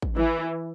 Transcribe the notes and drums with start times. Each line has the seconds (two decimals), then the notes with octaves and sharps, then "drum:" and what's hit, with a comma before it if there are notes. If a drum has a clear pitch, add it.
0.02 drum: kick
0.17 E3, drum: tom